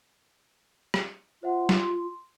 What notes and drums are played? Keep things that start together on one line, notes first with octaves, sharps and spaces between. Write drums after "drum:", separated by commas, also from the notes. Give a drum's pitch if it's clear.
drum: rim click
F4 C5 E5 F#5
C6, drum: snare